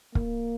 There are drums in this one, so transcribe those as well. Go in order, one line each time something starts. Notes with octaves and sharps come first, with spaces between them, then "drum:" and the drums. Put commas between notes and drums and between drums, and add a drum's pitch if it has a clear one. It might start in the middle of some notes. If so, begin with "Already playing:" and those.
A#3, drum: kick